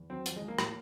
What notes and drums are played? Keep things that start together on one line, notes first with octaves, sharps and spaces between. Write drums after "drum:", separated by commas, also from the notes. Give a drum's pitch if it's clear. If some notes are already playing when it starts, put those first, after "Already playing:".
Already playing: E2
F#3 C4
F3, drum: hi-hat
G#3
F3
A#3
A2, drum: rim click